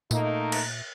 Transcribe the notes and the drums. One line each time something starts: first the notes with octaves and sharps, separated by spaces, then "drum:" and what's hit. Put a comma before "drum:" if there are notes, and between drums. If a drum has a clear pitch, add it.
A#2 A3 A#3 D#4, drum: tambourine
drum: cymbal